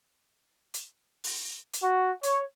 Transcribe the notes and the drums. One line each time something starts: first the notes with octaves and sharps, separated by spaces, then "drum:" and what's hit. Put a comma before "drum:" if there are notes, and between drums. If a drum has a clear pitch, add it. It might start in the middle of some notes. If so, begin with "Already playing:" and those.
drum: hi-hat
drum: open hi-hat
drum: hi-hat
F#4
C#5, drum: hi-hat